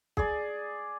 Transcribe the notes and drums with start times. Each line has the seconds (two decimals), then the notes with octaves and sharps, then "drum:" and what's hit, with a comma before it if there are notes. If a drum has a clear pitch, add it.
0.17 G#4 D5, drum: kick